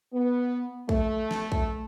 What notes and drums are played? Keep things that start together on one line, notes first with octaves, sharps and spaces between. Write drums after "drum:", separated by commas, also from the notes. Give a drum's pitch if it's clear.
B3
A3, drum: kick
drum: snare
drum: kick